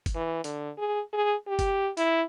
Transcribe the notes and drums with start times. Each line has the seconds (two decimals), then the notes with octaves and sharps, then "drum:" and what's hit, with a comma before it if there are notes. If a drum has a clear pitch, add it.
0.06 drum: kick, hi-hat
0.15 E3
0.44 D3, drum: hi-hat
0.78 G#4
1.13 G#4
1.47 G4
1.59 drum: kick, hi-hat
1.97 E4, drum: hi-hat